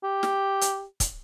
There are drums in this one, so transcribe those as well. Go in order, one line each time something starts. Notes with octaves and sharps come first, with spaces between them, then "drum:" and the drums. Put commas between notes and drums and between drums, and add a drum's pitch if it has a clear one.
G4
drum: snare
drum: hi-hat
drum: kick, hi-hat